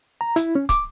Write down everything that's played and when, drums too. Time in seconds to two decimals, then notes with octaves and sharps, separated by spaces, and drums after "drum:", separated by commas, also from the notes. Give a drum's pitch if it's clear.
0.21 A#5
0.36 E4, drum: hi-hat
0.55 C#4
0.69 D6, drum: kick, hi-hat